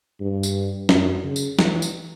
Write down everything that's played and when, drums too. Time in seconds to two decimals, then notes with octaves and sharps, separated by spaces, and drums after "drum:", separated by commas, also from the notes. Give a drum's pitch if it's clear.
0.21 G2
0.43 drum: tambourine
0.89 F#2, drum: snare
1.24 C#3
1.36 drum: tambourine
1.59 E3, drum: snare
1.82 drum: tambourine